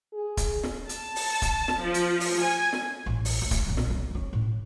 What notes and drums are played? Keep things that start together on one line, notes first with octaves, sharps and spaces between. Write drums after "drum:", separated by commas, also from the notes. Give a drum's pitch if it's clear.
G#4
drum: kick, hi-hat
drum: snare
A5, drum: hi-hat
drum: open hi-hat
drum: kick, hi-hat
drum: snare
F3
drum: hi-hat
drum: open hi-hat
G#5
drum: snare
A1
drum: open hi-hat
D2
drum: kick, hi-hat
A#1 A#3
drum: snare
C2
G#3 C#4
A2